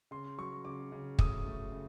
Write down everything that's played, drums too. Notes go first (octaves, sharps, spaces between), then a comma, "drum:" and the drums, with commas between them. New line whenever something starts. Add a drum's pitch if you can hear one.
C#3 C6
F#3 C#6
C#3 D6
C#3
A3 D#6, drum: kick
A3
C#3